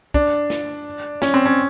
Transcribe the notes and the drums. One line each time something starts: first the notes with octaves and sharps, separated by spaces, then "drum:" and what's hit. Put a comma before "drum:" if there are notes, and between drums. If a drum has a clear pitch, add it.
D4, drum: kick
drum: snare
C#4, drum: snare
C4
C#4